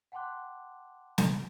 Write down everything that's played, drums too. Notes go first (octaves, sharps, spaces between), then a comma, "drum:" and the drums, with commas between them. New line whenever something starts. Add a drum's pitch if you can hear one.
F#5 G5 A5 C6 D6 F#6
drum: snare